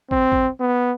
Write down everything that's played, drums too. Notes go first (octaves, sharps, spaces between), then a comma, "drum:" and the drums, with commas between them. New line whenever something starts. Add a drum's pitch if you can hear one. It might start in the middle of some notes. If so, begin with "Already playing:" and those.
C4, drum: kick
drum: kick
B3